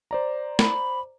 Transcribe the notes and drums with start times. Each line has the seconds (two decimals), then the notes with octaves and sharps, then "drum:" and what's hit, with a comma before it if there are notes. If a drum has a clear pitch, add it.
0.11 C5 D5 A#5
0.59 B5, drum: snare